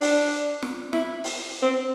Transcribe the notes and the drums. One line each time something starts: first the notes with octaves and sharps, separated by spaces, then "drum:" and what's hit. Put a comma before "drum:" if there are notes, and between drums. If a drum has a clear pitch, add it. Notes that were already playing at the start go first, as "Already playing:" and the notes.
D4, drum: open hi-hat
drum: snare
E4, drum: snare
drum: open hi-hat
C4